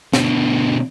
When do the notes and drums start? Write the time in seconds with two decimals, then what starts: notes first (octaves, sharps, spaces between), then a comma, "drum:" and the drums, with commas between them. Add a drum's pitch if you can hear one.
0.13 B2 D3, drum: snare